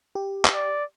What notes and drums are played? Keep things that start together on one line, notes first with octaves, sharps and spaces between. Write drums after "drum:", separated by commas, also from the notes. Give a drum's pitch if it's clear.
G4
drum: clap
D5